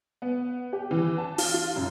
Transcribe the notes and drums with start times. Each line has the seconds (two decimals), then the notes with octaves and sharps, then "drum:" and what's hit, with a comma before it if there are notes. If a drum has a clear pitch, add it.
0.22 B3
0.73 G4
0.91 E3
1.18 A5
1.38 F4, drum: open hi-hat
1.54 F4
1.76 F#2